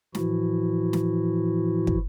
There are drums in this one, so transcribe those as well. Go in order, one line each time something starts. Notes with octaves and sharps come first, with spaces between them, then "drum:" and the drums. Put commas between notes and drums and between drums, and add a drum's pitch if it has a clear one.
A2 E3 F3 E4 F#4, drum: snare
drum: snare
drum: kick